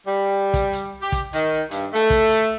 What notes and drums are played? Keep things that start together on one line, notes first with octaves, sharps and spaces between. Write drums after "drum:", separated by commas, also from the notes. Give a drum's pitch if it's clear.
G3
drum: kick, hi-hat
drum: hi-hat
G4
drum: kick, hi-hat
D#3, drum: hi-hat
G2, drum: hi-hat
A3
drum: kick, hi-hat
drum: hi-hat